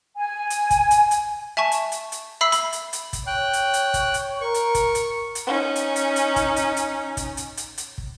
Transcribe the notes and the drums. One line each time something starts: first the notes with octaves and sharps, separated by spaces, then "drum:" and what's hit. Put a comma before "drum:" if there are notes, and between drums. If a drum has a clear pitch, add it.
G#5
drum: hi-hat
drum: kick, hi-hat
drum: hi-hat
drum: hi-hat
E5 G#5 A5 C#6 E7
drum: hi-hat
drum: hi-hat
drum: hi-hat
E5 B5 E6 C7
B5, drum: hi-hat
drum: hi-hat
drum: hi-hat
drum: kick, hi-hat
C#5 G5 F#6
drum: hi-hat
drum: hi-hat
drum: kick, hi-hat
drum: hi-hat
A#4 C#6
drum: hi-hat
drum: kick, hi-hat
drum: hi-hat
drum: hi-hat
C#4 D#4
drum: hi-hat
drum: hi-hat
drum: hi-hat
drum: kick, hi-hat
drum: hi-hat
drum: hi-hat
drum: kick, hi-hat
drum: hi-hat
drum: hi-hat
drum: hi-hat
drum: kick